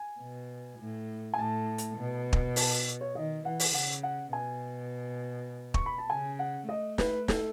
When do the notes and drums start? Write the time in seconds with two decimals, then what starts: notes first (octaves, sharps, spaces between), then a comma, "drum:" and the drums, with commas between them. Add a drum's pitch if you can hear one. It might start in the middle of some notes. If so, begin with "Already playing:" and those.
Already playing: G#5
0.20 B2
0.80 A2
1.34 G#5
1.38 A2 A5
1.78 drum: hi-hat
1.97 B2
2.33 drum: kick
2.56 A5, drum: open hi-hat
3.01 C#5
3.15 D#3 D#5
3.45 E3 F#5
3.60 drum: open hi-hat
3.74 C#3 F#5
4.03 F#5
4.33 B2 G#5
5.74 C#6, drum: kick
5.86 B5
5.98 A5
6.10 C#3 G#5
6.39 F#5
6.68 A3 D#5
6.98 B4, drum: snare
7.28 A4, drum: snare